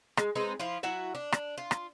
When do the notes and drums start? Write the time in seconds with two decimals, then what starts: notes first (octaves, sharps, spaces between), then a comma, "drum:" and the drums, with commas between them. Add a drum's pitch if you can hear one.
0.17 G#3, drum: rim click
0.35 G#3 C4 D#4 B4
0.60 F3 E4 F4
0.83 F#3 E4 F#4 E5
1.15 D4
1.32 drum: rim click
1.58 F4
1.71 drum: rim click